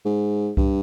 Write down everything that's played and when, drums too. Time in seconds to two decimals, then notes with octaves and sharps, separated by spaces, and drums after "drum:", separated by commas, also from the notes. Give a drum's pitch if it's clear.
0.05 G#2
0.57 G2, drum: kick C2